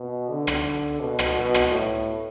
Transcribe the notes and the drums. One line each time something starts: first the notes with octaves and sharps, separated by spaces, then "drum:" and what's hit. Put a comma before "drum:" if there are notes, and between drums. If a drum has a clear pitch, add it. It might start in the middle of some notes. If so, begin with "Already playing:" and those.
Already playing: B2
D3
drum: rim click
B2
drum: rim click
B2
drum: rim click
A2